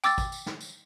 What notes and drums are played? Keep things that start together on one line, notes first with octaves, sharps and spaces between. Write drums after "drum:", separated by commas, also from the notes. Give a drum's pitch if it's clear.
G5 D6 E6 A6, drum: tambourine
drum: kick, tambourine
drum: tambourine
drum: snare
drum: tambourine